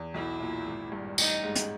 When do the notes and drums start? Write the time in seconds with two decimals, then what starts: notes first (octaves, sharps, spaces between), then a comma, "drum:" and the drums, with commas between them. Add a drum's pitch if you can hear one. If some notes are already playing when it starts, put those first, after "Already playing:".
Already playing: E2
0.14 B1 E4
0.40 A#2
0.66 G#1
0.92 G2
1.18 A1 D#4, drum: tambourine
1.43 G#2
1.55 drum: hi-hat